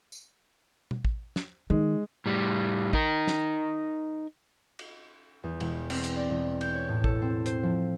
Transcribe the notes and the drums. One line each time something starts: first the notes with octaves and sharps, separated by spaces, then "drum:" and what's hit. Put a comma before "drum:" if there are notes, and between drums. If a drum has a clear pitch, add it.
drum: tambourine
drum: tom B2
drum: kick A1
drum: snare
D#3 G#3
A2 G3
D#4 A#4, drum: kick A1
drum: snare
drum: cymbal
E2
E1, drum: cymbal
C4, drum: cymbal
drum: hi-hat
D5
E1
G6, drum: cymbal
C#5
A2
A4, drum: kick A1
C4
C5, drum: hi-hat
F3